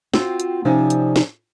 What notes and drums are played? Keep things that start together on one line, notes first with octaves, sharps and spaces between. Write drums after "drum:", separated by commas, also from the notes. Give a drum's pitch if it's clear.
C4 F4 F#4 G5, drum: snare
drum: hi-hat
C3 F3 C#4 D#4 D5
drum: hi-hat
drum: snare